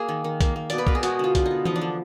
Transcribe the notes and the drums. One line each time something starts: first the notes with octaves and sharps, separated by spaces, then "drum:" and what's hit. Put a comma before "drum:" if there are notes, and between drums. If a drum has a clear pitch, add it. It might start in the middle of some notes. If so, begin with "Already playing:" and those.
Already playing: A#3 G#4 A#4
D#3
D#3
A#3, drum: kick B1, hi-hat
A#3
B2 D5, drum: hi-hat
B4
B2 A#4, drum: kick B1
G#4
G#3 F#4, drum: hi-hat
D3 F4
D3, drum: kick B1, hi-hat
D#4
B3
F3 D#4, drum: tom E3
D4
D3